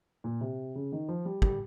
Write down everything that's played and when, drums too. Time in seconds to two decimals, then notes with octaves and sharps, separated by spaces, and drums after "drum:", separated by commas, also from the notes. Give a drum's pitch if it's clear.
0.24 A#2
0.41 C3
0.75 C#3
0.92 D#3
1.08 F3
1.25 G3
1.42 G3, drum: kick